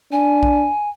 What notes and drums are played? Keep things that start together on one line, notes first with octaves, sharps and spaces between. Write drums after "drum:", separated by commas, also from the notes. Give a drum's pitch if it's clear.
D4 G#5
drum: kick A#1